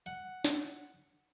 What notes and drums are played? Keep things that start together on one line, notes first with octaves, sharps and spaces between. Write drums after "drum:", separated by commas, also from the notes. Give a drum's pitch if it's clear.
F#5
drum: snare